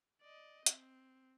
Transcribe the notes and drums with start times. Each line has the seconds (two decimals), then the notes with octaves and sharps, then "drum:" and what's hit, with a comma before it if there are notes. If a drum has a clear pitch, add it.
0.22 D5 D#5
0.66 C4, drum: hi-hat